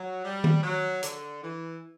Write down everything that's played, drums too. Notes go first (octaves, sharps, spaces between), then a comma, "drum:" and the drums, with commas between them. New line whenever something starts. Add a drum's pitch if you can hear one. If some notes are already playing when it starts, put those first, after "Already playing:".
Already playing: F#3
G3
drum: tom D#3
F#3
D3, drum: hi-hat
E3